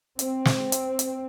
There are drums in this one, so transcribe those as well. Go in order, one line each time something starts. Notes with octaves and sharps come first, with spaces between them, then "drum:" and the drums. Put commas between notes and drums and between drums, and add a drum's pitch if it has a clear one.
C4, drum: hi-hat
drum: snare
drum: hi-hat
drum: hi-hat